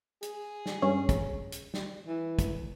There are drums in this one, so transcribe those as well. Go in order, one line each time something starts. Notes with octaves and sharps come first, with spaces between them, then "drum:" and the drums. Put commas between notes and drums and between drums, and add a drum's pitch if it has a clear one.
G#4, drum: hi-hat
drum: snare
G2 C#4
drum: kick, hi-hat
drum: hi-hat
drum: snare
E3
drum: kick, hi-hat